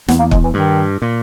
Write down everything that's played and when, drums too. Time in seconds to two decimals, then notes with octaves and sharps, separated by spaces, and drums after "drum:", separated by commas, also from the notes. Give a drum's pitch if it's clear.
0.08 E2 B3, drum: snare
0.19 A#3
0.31 G#3, drum: kick
0.44 E3
0.54 G2 D#3
1.02 A#2